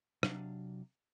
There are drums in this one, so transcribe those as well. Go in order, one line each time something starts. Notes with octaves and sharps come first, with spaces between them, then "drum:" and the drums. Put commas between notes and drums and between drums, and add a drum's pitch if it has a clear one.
C3 F#3 D4 F5, drum: rim click